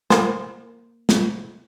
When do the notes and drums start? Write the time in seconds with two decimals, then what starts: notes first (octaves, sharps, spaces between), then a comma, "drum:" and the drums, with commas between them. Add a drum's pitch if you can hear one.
0.10 A#3 C5, drum: snare
1.09 drum: snare